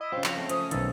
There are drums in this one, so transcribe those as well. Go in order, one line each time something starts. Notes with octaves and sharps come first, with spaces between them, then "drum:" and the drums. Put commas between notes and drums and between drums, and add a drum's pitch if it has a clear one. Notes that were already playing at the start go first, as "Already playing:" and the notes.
E4 D#5
C#3 C4 F4
F3 F#4 F6, drum: clap
A3 C4
F3 C#4 D#6, drum: hi-hat
B1 D#3 A4, drum: hi-hat